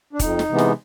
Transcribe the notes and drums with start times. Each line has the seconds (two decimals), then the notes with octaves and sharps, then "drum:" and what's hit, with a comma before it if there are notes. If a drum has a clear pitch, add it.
0.13 D4
0.19 F2 D#4, drum: kick, hi-hat
0.39 drum: snare
0.49 C3 E3 G#3 B3
0.58 drum: snare